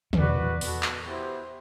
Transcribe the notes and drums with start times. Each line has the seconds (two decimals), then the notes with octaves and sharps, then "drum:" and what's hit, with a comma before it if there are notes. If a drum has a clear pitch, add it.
0.13 F#2, drum: tom
0.18 E2 F#4 B4 D5
0.61 B3 F#4 A4, drum: open hi-hat
0.83 drum: clap
1.06 B3 E4 G4 C5